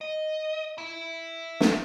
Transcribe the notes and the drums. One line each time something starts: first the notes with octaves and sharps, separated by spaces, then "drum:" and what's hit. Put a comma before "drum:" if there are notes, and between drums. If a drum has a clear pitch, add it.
D#5
E5 B5
drum: snare